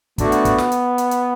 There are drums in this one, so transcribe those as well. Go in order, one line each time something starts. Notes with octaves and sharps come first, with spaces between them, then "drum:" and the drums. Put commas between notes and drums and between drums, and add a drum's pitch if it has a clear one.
D3 A3 B3 D4 F#4, drum: kick, hi-hat
drum: hi-hat
drum: kick, hi-hat
drum: snare
drum: hi-hat
drum: hi-hat
drum: hi-hat